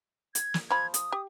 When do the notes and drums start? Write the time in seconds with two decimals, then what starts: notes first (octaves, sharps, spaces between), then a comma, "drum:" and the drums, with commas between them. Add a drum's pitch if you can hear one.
0.35 G#6, drum: hi-hat
0.54 drum: snare
0.71 F3 B5 G#6
0.94 D#6, drum: hi-hat
1.12 G4